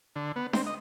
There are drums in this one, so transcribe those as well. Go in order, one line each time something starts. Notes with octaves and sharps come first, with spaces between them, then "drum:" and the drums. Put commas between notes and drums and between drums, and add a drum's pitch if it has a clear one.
D3
B3
C4, drum: snare D4
D#5